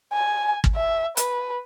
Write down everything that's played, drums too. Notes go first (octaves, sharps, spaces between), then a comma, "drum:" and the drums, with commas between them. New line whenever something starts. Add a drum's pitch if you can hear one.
G#5
drum: kick
E5
B4, drum: hi-hat